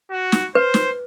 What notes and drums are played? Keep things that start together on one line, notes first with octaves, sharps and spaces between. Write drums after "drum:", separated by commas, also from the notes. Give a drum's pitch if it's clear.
F#4
drum: snare
B4 C5
drum: snare